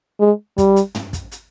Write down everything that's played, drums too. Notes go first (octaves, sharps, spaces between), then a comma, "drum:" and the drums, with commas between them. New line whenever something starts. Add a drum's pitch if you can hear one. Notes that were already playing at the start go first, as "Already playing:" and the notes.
G#3
G3, drum: kick, hi-hat
drum: hi-hat
drum: tom
drum: kick, hi-hat
drum: hi-hat